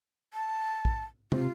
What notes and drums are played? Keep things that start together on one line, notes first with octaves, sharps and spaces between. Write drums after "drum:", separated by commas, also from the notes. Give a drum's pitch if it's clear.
A5
drum: kick A#1
C3 F4, drum: tom